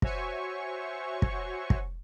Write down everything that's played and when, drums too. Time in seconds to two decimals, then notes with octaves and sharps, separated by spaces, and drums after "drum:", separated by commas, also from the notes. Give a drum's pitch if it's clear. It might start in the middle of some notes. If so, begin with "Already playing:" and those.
0.02 F#4 C5 C#5 E5 G#5 C#6, drum: kick
1.22 drum: kick
1.70 drum: kick